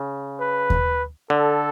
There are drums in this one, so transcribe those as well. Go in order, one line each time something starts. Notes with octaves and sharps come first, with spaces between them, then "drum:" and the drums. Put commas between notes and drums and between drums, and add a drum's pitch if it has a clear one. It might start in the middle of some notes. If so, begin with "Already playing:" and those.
Already playing: C#3
B4
drum: kick D#2
D3 A4